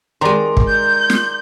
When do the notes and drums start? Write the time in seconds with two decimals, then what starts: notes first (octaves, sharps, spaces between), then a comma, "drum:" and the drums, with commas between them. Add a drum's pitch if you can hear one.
0.21 D#3 G#3 D5 A#5 C6
0.57 drum: kick
0.68 G6
1.10 drum: snare